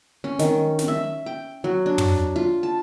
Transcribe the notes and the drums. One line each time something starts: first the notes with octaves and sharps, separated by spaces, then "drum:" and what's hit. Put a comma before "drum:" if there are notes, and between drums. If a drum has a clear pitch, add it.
C#4
D#3, drum: snare
drum: snare
E5
G5
F#3
D4
drum: tom
F4
A5